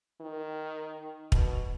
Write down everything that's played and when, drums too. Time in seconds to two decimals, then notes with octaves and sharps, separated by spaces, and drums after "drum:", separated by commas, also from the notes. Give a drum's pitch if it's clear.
0.20 D#3
1.32 B2, drum: kick